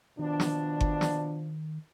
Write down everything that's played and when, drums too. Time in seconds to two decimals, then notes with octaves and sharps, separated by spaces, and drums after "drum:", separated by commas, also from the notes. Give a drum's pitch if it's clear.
0.19 B2 D#3 F3 D4
0.40 drum: snare
0.81 drum: kick G1
1.01 drum: snare